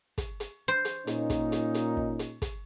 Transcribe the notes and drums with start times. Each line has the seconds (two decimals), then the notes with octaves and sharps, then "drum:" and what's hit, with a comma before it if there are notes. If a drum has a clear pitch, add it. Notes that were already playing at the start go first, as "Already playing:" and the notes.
0.18 drum: kick, hi-hat
0.40 drum: hi-hat
0.68 C5
0.85 drum: hi-hat
1.07 A#2 C#4 D#4, drum: hi-hat
1.30 drum: kick, hi-hat
1.52 drum: hi-hat
1.74 drum: hi-hat
1.97 drum: kick
2.19 drum: hi-hat
2.42 drum: kick, hi-hat